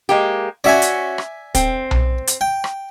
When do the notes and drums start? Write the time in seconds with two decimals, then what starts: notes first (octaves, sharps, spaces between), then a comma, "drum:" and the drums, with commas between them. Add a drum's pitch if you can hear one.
0.09 G#3 A#3 G4
0.64 C#4 F#4 D5 E5 G#5
0.82 drum: hi-hat
1.18 drum: rim click
1.55 C4, drum: kick, hi-hat
1.91 drum: tom B1
2.27 drum: hi-hat
2.41 G5
2.64 drum: rim click